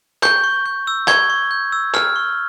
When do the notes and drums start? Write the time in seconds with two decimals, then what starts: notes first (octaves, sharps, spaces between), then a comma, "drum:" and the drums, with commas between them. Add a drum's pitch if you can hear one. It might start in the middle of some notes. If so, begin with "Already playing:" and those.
0.23 C#6 G6, drum: clap
0.44 C#6
0.66 G6
0.87 E6
1.08 C#6 G#6, drum: clap
1.30 C#6
1.51 G6
1.72 E6
1.94 F6, drum: clap
2.16 C#6